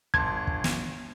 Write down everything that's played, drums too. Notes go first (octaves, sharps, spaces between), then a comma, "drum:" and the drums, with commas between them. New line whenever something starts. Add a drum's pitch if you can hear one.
G1 A5 C6 G#6, drum: kick
drum: kick
drum: snare